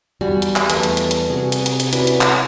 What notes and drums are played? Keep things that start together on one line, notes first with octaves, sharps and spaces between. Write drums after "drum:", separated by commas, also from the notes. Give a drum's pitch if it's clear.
E2 G3 F#4 G#5 B5
drum: hi-hat
drum: clap
E2 G3 A3 B4 D#5 G#5, drum: hi-hat
drum: hi-hat
drum: hi-hat
drum: hi-hat
C3 F#4 G#4
drum: hi-hat
drum: hi-hat
drum: hi-hat
C#4 E4 F#4 B4 D5, drum: hi-hat
drum: hi-hat
drum: clap